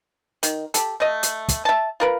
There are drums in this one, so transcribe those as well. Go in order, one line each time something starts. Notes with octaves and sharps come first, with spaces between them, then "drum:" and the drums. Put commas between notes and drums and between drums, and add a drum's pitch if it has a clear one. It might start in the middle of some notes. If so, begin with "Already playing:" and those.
D#3, drum: hi-hat
G4 A4, drum: hi-hat
A3 D#5
drum: hi-hat
drum: kick, hi-hat
E5 A5
F4 A#4 B4